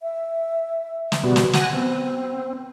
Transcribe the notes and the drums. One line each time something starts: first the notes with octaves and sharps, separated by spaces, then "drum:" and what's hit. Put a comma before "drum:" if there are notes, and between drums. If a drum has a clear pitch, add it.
E5
drum: snare
B2 G3 B3 F#4
drum: snare
F#5 G#5 F#6 A#6, drum: snare
B3 C4